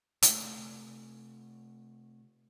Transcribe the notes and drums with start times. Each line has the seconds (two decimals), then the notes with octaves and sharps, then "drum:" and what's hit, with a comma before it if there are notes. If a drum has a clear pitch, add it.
0.22 C3 A3, drum: hi-hat